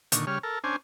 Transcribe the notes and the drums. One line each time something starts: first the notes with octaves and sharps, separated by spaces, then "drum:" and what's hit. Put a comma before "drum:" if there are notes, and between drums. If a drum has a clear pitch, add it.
A#2 D3 D#3 C#6, drum: hi-hat
C#3 G3 C#5 F6
A4 A#4
C#4 D4 C5 G#5